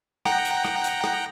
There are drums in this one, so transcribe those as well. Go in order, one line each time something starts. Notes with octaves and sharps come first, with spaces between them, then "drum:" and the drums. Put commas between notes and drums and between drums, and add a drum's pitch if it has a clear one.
F#5 G5 A#5, drum: rim click
drum: hi-hat
drum: rim click
drum: hi-hat
drum: rim click